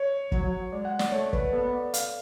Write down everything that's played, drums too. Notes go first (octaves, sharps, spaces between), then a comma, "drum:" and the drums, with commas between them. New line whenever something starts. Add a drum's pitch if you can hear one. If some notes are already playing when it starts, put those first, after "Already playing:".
Already playing: C#5
F#3, drum: kick
G#3 D5
F#5
D5, drum: snare
A3 C#5
B4, drum: kick
B3 A4
D5
F5, drum: hi-hat